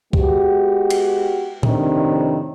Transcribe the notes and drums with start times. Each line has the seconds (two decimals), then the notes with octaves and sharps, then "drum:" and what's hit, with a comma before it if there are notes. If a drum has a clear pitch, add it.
0.13 G#3 B3 F#4 G4, drum: kick
0.90 drum: cymbal
1.63 F2 A2 C3 D#3 D4, drum: tom A#2